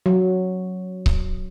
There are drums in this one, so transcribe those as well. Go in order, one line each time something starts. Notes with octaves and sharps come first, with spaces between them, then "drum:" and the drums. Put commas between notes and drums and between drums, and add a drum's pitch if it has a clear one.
F#3
drum: kick C#1